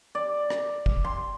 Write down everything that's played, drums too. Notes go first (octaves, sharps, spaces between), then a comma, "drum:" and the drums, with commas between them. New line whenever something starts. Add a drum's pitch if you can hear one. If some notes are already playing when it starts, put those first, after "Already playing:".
D5
drum: rim click
drum: kick
C6